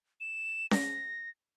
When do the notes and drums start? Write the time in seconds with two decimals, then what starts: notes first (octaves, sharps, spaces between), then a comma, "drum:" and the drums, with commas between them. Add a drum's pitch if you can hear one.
0.20 E7
0.71 A#6, drum: snare C#4